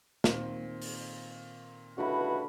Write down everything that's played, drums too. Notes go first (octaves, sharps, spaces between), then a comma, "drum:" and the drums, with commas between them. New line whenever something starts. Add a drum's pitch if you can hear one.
A#2 D#3 C4, drum: snare
drum: open hi-hat
C#2 D3 E4 F#4 B4 B5